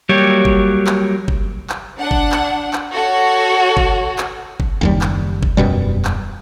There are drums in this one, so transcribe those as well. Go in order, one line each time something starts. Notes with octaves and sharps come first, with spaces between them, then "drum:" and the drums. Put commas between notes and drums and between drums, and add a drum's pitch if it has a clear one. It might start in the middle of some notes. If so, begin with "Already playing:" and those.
F#3 G3 A#3 G4 C#5
drum: kick G1
drum: clap
drum: kick G1
drum: clap
D4 F#5
drum: kick G1
drum: clap
drum: clap
F#4 A4 C#5
drum: kick G1
drum: clap
drum: kick G1
F#1 D#2 G3
drum: clap
drum: kick G1
E1 F#2 B2 G3
drum: clap